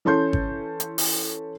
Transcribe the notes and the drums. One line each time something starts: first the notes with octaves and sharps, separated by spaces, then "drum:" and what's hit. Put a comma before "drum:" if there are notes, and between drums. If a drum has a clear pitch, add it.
E3 C#4 A4 C6 G6
drum: kick G#1
drum: hi-hat
drum: open hi-hat